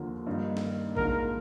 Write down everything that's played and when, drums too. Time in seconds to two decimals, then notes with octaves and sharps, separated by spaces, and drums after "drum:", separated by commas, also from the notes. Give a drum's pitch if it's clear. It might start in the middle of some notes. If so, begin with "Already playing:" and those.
Already playing: D#2 D3 F3 A#3
0.27 G2 D#3 A#3 D#4
0.57 drum: snare
0.97 G#2 D#3 A#3 D4 F4 A#4, drum: kick A1